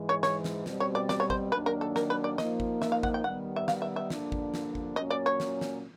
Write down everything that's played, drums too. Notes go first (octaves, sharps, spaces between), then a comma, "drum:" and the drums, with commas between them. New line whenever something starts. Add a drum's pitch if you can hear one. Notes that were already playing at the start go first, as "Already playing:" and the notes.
Already playing: G#2 E3 G#3
C#5
C#5, drum: snare
drum: snare
B2 G3 C4, drum: snare
C#5
D5
D5, drum: snare
C#5
C5, drum: kick G#1
D#2 D#3 F#3 A#3 D4 B4
A#4
A4
A#4, drum: snare
B4
D5
F3 A#3 D#4 D#5, drum: snare
drum: kick G#1
E5, drum: snare
F5
F#5, drum: kick G#1
G5
D#3 G3 B3 F#5
E5
F5, drum: snare
E5
E5
G2 D3 F3 A#3 D4, drum: snare
drum: kick G#1
drum: snare
drum: kick G#1
A#2 F#3 A#3 C#4 D#5
D5
C#5
drum: snare
drum: snare